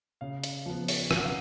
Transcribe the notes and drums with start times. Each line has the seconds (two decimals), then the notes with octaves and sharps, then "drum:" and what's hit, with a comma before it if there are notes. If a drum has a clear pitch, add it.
0.21 C#3 F5
0.44 drum: hi-hat
0.66 F3 B3
0.88 drum: open hi-hat
1.11 F#2 G#5, drum: rim click
1.18 F#5
1.25 F5